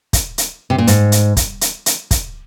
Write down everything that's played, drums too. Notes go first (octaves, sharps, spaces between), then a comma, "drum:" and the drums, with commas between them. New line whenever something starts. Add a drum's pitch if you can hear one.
drum: kick, hi-hat
drum: hi-hat
C3
A#2
G#2, drum: hi-hat
drum: hi-hat
drum: kick, hi-hat
drum: hi-hat
drum: hi-hat
drum: kick, hi-hat